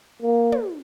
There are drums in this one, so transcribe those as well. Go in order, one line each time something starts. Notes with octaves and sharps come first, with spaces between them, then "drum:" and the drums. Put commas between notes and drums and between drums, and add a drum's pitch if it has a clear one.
A#3
drum: tom